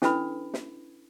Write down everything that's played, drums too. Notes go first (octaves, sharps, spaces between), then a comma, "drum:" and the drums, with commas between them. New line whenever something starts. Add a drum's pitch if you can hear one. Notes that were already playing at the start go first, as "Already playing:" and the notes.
C#4 D4 E4 A4 B4 B5, drum: snare
drum: snare